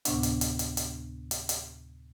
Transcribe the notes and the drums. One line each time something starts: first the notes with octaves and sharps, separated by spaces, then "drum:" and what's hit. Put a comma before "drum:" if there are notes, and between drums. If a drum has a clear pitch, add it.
D2 A2 C3 B3 D4 F#5, drum: hi-hat
drum: hi-hat
drum: hi-hat
drum: hi-hat
drum: hi-hat
drum: hi-hat
drum: hi-hat